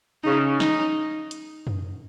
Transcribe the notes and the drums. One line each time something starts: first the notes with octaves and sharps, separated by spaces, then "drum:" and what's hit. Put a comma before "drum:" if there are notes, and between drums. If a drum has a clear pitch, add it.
C#3 D#4
D#4, drum: snare
drum: hi-hat
drum: tom F#2